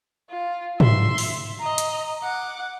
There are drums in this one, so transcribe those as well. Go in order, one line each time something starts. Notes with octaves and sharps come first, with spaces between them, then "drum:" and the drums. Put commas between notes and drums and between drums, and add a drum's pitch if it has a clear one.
F4
E5 C6, drum: tom
drum: open hi-hat
D#5 A#5
drum: hi-hat
F#5 D6